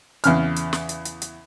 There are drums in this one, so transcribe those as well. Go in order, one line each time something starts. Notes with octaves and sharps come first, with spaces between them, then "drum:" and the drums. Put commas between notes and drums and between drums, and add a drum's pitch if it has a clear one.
E2 C#3 F6, drum: hi-hat
drum: hi-hat
drum: snare
drum: hi-hat
drum: hi-hat
drum: hi-hat